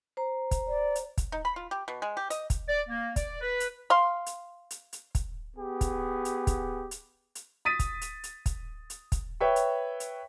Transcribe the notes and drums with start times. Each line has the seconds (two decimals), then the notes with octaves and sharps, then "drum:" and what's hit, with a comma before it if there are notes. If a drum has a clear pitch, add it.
0.17 C5 A#5
0.51 drum: kick, hi-hat
0.67 D5
0.95 drum: hi-hat
1.18 drum: kick, hi-hat
1.32 D#4
1.45 B5
1.56 F4
1.71 G4
1.88 B2
2.02 G#3
2.17 G4
2.30 D#5, drum: hi-hat
2.50 drum: kick, hi-hat
2.69 D5
2.89 A#3
3.16 D5, drum: kick, hi-hat
3.41 B4
3.60 drum: hi-hat
3.90 F5 C6
4.26 drum: hi-hat
4.71 drum: hi-hat
4.93 drum: hi-hat
5.15 drum: kick, hi-hat
5.57 B3 G4 G#4
5.81 drum: kick, hi-hat
6.25 drum: hi-hat
6.47 drum: kick, hi-hat
6.91 drum: hi-hat
7.35 drum: hi-hat
7.65 D#6 A6 B6 D#7
7.79 drum: kick, hi-hat
8.01 drum: hi-hat
8.24 drum: hi-hat
8.46 drum: kick, hi-hat
8.90 drum: hi-hat
9.12 drum: kick, hi-hat
9.40 B4 C#5 E5 G5 C#6
9.56 drum: hi-hat
10.00 drum: hi-hat